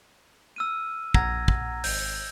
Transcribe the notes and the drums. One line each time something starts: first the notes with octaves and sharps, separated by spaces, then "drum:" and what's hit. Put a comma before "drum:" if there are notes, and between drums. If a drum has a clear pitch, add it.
E6 F6 D#7
A#1 F#5 A#5 E6 G#6 A#6, drum: kick
drum: kick
G#1 G6, drum: open hi-hat